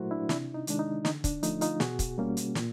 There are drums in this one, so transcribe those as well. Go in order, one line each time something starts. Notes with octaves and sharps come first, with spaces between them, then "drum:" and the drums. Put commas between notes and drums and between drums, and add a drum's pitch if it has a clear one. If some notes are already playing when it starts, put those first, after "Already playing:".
Already playing: A#2 F#3 A3 E4 F#4 A#4 C5
D4 E4
C3 D4 E4, drum: snare
D#4
D#3 G#3 D4, drum: hi-hat
D#4
D3 D#4, drum: snare
D4, drum: kick, hi-hat
F3 A3 D#4, drum: hi-hat
D#4 F4, drum: hi-hat
B2 F#4 G#4, drum: snare
drum: kick, hi-hat
G3 A#3 C#4
drum: hi-hat
A#2, drum: snare